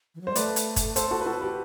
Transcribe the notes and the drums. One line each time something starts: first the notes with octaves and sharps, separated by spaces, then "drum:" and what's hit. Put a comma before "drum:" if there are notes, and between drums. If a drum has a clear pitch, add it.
E3
F#3
G3 C5
A3 B4 D5, drum: hi-hat
drum: hi-hat
drum: kick, hi-hat
A4 C5, drum: hi-hat
F#4 A4
B4
F#4 A4
G4 B4